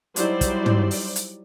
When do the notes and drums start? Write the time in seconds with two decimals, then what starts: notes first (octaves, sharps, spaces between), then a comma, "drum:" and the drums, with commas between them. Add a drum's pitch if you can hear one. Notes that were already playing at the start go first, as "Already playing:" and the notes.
0.16 F#3 G3 D#4 E4 C5 D5, drum: hi-hat
0.41 drum: kick, hi-hat
0.66 drum: tom
0.91 drum: open hi-hat
1.16 drum: hi-hat